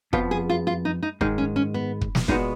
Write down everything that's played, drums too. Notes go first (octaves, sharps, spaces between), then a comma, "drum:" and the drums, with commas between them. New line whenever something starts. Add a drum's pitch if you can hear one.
F2 F3 B3 F4, drum: kick
G#4
F4
F4
D#4
D#4
G#2 D#3 G#3 D#4, drum: kick
C#4
C#4
B3
drum: kick
drum: snare
A#2 G#3 B3 D#4 F#4, drum: kick